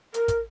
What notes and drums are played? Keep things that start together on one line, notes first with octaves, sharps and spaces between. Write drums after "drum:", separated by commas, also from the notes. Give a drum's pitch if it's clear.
A#4, drum: hi-hat
drum: kick, hi-hat